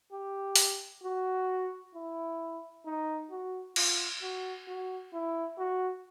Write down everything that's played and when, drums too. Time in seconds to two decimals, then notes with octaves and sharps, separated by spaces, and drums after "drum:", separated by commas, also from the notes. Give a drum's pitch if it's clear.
0.12 G4
0.56 drum: open hi-hat
1.03 F#4
1.94 E4
2.85 D#4
3.31 F#4
3.76 F4, drum: cymbal
4.22 F#4
4.67 F#4
5.13 E4
5.59 F#4